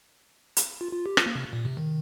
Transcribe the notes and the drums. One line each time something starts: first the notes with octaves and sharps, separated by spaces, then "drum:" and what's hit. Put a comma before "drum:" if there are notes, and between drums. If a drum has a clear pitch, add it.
drum: hi-hat
F4
F4
G4
F4, drum: rim click
A#3
C3
A#2
C3
D#3